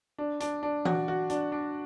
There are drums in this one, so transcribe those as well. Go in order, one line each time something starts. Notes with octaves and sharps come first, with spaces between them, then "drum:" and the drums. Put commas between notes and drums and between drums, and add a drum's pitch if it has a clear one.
D4
D4, drum: hi-hat
D4
F#4, drum: tom E3
F#4
D4, drum: hi-hat
D4